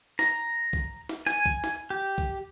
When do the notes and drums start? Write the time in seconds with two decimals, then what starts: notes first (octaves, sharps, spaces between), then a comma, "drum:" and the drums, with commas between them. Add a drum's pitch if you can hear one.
0.19 A#5, drum: snare
0.73 drum: kick
1.09 drum: snare
1.27 G#5, drum: snare
1.46 drum: kick
1.64 drum: snare
1.90 G4
2.18 drum: kick